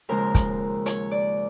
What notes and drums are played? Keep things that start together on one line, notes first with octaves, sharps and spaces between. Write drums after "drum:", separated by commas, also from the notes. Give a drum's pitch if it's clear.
D#2 C#3 F3 G#3 A#4
drum: kick, hi-hat
C#5, drum: hi-hat
D5